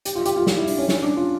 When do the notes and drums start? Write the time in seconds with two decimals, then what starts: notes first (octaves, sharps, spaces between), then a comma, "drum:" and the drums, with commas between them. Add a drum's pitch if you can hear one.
0.05 G4, drum: hi-hat
0.15 F4
0.26 G4, drum: hi-hat
0.36 F4
0.47 F4, drum: snare
0.57 E4
0.67 D4, drum: open hi-hat
0.78 C#4
0.89 C#4, drum: snare
1.03 D4
1.17 F4